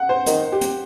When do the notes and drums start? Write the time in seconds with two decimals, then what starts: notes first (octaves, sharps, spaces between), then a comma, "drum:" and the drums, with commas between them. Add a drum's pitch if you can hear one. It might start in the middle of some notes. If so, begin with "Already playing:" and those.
Already playing: F#5
0.09 C5
0.26 D#3, drum: hi-hat
0.52 G4
0.61 drum: hi-hat